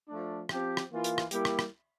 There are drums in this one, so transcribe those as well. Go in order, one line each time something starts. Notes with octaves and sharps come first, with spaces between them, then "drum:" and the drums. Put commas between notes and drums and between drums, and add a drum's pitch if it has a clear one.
F3 A3 D4
F3 C4 G4, drum: rim click
drum: rim click
E3 A#3 F4
drum: hi-hat
drum: rim click
G3 A#3 E4 G4, drum: hi-hat
drum: rim click
drum: rim click